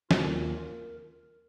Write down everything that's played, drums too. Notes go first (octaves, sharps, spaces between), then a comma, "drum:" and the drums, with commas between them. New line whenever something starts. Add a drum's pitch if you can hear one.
D#2 D#3 A#3 F4 A#4, drum: snare